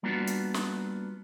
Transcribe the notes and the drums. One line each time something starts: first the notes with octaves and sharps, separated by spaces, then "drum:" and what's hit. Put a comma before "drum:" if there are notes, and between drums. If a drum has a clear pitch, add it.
G3 A#3 B3 D4 F4 F#4
drum: hi-hat
drum: snare